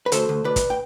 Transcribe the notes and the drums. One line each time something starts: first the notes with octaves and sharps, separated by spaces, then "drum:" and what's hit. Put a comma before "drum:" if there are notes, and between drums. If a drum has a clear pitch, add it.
B4
D2 A4 C5, drum: hi-hat
D2
D2 B4 D5
drum: kick, hi-hat
G5